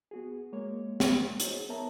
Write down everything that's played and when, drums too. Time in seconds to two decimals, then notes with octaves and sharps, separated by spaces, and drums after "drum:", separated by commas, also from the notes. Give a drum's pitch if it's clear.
0.11 B3 F#4 G#4
0.53 G#3 A#3 C#5
1.00 drum: snare
1.40 D#4 F#4 G#4 C5 C#5, drum: hi-hat
1.69 B3 A#4 C#5 E5 A5 A#5